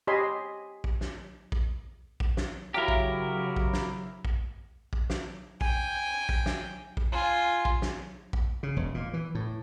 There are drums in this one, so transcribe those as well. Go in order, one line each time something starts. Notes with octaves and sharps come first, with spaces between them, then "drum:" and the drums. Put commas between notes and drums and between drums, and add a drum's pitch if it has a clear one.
G4 C#5 D#5 G#5 B5 C6
drum: kick A#1
drum: snare
drum: kick A#1
drum: kick A#1
drum: snare
C#3 F#3 E4 F#4 G4 A#4 F5 A#5
drum: kick A#1
drum: kick A#1
drum: snare
drum: kick A#1
drum: kick A#1
drum: snare
G5 G#5, drum: kick A#1
drum: kick A#1
drum: snare
drum: kick A#1
F4 G#5
drum: kick A#1
drum: snare
drum: kick A#1
C#3
E1
A#2
E3
A2